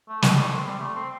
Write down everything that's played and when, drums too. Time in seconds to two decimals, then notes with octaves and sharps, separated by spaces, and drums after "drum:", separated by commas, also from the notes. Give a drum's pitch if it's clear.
0.08 A3
0.22 G3, drum: snare
0.37 A3
0.51 C4
0.66 G3
0.80 A3
0.95 C4